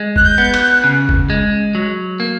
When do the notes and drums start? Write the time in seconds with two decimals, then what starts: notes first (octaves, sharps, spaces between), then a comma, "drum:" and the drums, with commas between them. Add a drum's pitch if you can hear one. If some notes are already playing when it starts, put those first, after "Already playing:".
Already playing: G#3
0.16 F#6, drum: kick F#1
0.23 G6
0.38 B3
0.54 F#6, drum: cymbal
0.62 G6
0.71 F#6
0.84 C#3
1.09 drum: kick F#1
1.30 G#3
1.75 F#3
2.20 A#3